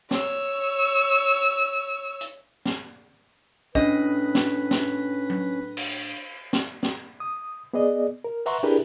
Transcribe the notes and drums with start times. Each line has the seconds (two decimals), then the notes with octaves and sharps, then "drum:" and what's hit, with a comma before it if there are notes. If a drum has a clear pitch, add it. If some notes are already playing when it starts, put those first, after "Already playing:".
0.11 C#5 E6, drum: snare
2.21 drum: hi-hat
2.65 drum: snare
3.75 A2 C#4 D4 B4 D#5, drum: kick
4.35 drum: snare
4.71 drum: snare
5.30 drum: tom F#3
5.77 drum: cymbal
6.53 drum: snare
6.83 drum: snare
7.20 D#6
7.74 B3 G#4 D5 D#5
8.24 A#4
8.46 B4 E5 F#5 A#5 C6 C#6, drum: open hi-hat
8.63 D4 E4 G4 G#4 A#4 B4